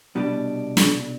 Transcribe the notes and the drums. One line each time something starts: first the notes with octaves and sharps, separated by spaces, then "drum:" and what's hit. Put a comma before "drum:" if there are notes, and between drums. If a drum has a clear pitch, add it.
C2 B2 G3 D4
drum: snare